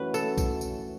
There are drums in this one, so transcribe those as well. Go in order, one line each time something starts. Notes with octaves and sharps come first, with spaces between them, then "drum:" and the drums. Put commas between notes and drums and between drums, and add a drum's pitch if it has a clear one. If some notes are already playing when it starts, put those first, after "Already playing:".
Already playing: F#2 E3 A3 C#4 F#4 B4
A4, drum: tambourine
drum: kick B1, tambourine
drum: tambourine